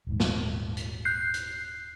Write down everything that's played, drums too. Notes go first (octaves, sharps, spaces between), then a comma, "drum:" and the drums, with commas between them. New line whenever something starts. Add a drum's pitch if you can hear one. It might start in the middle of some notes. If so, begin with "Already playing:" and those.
D#1 G#2
drum: snare
drum: hi-hat
F#6 G6 C7
drum: hi-hat